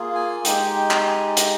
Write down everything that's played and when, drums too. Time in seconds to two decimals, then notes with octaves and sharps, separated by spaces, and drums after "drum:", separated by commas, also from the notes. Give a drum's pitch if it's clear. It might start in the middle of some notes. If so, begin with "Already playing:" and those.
Already playing: A#3 F4 G#4
0.15 G#5
0.45 G#3 D#4 G4 G5, drum: hi-hat
0.75 G5
0.91 drum: clap
1.06 G#5
1.37 A#5, drum: hi-hat